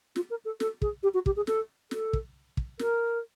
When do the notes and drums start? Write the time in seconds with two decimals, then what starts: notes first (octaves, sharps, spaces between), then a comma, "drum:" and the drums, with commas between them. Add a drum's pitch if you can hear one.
0.16 F4, drum: snare
0.30 A#4
0.45 A4
0.60 A4, drum: snare
0.82 G#4, drum: kick
1.03 G4
1.14 F#4
1.26 G4, drum: kick
1.36 G#4
1.47 A4, drum: snare
1.91 A4, drum: snare
2.13 drum: kick
2.57 drum: kick
2.79 A#4, drum: snare